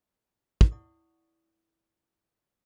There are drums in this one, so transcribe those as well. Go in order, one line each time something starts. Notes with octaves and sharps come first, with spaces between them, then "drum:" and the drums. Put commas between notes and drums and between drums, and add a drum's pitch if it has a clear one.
drum: kick
E4 D5 F#5 C#6 D#6